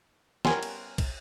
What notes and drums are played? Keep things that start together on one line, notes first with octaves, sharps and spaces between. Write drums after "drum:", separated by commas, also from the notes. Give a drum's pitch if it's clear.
G3 B3 C#4 A#4 G#5 C6, drum: snare
drum: cymbal
drum: kick, cymbal